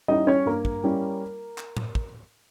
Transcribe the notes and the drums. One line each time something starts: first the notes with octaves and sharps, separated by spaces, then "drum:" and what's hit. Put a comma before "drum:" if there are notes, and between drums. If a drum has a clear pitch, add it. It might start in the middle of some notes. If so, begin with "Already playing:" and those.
G3 C#4 D#4 E4 D#5
C#4 C#5
G2 A#3 A#4
drum: kick
G3 C#4 E4
drum: clap
drum: tom A2
drum: kick